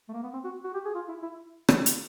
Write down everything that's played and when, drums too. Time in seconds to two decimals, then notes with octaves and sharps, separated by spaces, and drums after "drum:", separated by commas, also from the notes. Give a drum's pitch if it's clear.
0.09 A3
0.13 A#3
0.23 B3
0.33 C4
0.44 F#4
0.64 F#4
0.74 G4
0.85 G#4
0.95 F4
1.08 E4
1.22 E4
1.69 drum: rim click
1.86 drum: hi-hat